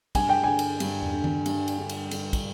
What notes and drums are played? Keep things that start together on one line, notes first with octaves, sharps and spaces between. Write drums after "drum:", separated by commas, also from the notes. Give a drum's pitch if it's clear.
G2 G#5, drum: kick, cymbal
G5
D3 G#5
drum: cymbal
G2, drum: cymbal
drum: tom
D3
drum: tom D#3
G2, drum: cymbal
drum: cymbal
D3
drum: cymbal
D3, drum: cymbal
drum: kick, cymbal